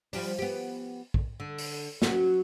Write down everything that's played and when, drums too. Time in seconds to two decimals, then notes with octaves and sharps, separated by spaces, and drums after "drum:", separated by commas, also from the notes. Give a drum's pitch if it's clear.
0.13 F3 G3 D4, drum: open hi-hat
0.39 B3 G4
1.14 drum: kick
1.40 D3
1.58 drum: open hi-hat
2.02 F#3 C#4 F#4, drum: snare